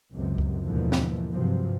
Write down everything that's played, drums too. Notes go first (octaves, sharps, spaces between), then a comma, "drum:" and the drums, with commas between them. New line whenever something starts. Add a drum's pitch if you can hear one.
C#2 F#2 C3
drum: kick C#2
D#2 G#2 B2 D3 E3 F3
drum: snare
G2 C3 F3 F#3 C4